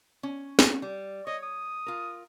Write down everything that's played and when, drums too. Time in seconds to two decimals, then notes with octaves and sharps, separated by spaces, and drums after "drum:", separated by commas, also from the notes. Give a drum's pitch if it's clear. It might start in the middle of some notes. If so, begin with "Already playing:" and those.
0.23 C#4
0.59 drum: snare
0.82 G3
1.27 C#5 D#5
1.43 D#6
1.86 F4 A#4